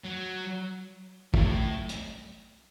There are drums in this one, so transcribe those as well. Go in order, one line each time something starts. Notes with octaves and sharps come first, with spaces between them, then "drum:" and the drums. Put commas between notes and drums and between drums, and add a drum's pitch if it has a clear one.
F#3
A2, drum: kick
drum: hi-hat